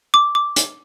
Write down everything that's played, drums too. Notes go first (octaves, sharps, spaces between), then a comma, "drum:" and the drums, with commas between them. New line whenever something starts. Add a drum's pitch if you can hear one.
D6
D6
drum: hi-hat